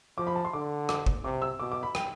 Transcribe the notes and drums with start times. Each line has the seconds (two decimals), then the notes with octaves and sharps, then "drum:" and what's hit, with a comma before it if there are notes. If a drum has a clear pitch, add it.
0.18 F3 D6
0.27 B5
0.35 A5
0.45 C6
0.53 D3 D6
0.89 D6, drum: rim click
1.06 drum: kick
1.24 C3 D6
1.42 E6
1.60 B2 D6
1.72 D6
1.83 B5
1.95 G5, drum: rim click